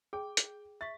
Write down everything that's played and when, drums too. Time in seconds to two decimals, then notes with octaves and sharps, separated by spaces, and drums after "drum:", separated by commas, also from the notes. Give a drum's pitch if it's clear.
0.13 G#4 G5
0.37 drum: hi-hat
0.81 E5 C#6 A6 B6